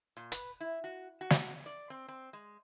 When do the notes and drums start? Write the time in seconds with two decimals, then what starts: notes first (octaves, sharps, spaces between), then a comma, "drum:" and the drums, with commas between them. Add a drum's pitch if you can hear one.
0.17 A#2
0.32 B4, drum: hi-hat
0.60 E4
0.84 F#4
1.21 F#4
1.30 drum: snare
1.66 D5
1.90 C4
2.08 C4
2.33 G#3